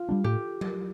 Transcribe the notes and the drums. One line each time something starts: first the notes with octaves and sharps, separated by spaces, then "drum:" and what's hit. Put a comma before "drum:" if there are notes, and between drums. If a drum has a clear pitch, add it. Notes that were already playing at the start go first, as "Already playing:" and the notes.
Already playing: F4
G3 A#3 D4
A2 G4
drum: tom F#3